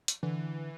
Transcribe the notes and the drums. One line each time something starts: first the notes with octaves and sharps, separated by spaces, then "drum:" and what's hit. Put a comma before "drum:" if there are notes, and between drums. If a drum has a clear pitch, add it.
drum: hi-hat
D3 E3